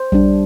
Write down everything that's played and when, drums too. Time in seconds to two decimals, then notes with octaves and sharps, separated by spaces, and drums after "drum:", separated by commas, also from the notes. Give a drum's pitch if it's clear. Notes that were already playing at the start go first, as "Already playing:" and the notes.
Already playing: C5
0.12 G3 D4, drum: kick A#1